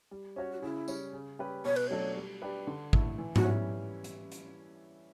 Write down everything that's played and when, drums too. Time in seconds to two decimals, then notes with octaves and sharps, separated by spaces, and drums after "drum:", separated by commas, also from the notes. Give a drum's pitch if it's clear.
0.11 G3
0.36 C#4 F#4 C#5
0.52 F#4
0.62 C#3 E4
0.88 G3 C#4, drum: tambourine
1.13 C#3
1.39 G3 C#4 G4 B4
1.65 B2 C#5
1.76 B4, drum: cymbal
1.88 F#3 A3 D4 A4 C#5
2.16 G3
2.42 D4 G4 B4
2.67 D3
2.93 A3 E4, drum: kick G#1
3.18 E3
3.36 F#4, drum: tom G#2
3.44 G3 C#4 E4
4.04 drum: hi-hat
4.32 drum: hi-hat